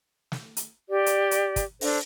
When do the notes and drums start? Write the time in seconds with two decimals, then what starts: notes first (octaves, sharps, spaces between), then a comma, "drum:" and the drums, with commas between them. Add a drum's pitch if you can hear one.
0.32 drum: snare
0.57 drum: hi-hat
0.89 G4 D5
1.06 drum: hi-hat
1.31 drum: hi-hat
1.56 drum: kick, hi-hat
1.81 D4 A4 C5, drum: open hi-hat